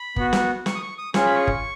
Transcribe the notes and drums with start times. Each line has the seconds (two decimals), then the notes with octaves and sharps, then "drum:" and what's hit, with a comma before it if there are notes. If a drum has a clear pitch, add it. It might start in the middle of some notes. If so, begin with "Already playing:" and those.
Already playing: B5
0.16 B3 F#4, drum: kick
0.33 drum: snare
0.66 C#6, drum: snare
0.75 D#6
0.82 C#6
0.98 D#6
1.14 C#4 F4 G#4 C#6, drum: snare
1.25 B5
1.36 C#6
1.47 drum: kick